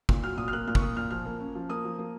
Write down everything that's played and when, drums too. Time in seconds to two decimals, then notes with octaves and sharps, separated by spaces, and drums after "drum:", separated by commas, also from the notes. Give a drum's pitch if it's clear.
0.09 A#2, drum: kick
0.23 F#3 F6
0.37 A#2 D#6
0.48 F6
0.53 A#3 F#6
0.67 A#2 F6
0.75 C#6, drum: kick
0.82 A#3 D#6
0.97 A#2 F6
1.10 F3 F6
1.25 A#3
1.40 C#4
1.55 F3
1.70 A#3 D#6
1.85 F3
1.99 A#3